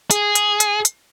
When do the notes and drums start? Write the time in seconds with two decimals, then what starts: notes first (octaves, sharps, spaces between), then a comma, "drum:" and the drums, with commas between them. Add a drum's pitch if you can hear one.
0.11 G#4, drum: hi-hat
0.35 drum: hi-hat
0.60 drum: hi-hat
0.85 drum: hi-hat